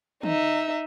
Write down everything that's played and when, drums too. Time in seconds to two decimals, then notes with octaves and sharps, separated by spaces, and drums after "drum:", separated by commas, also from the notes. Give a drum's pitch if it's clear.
0.23 D#4 E5, drum: tom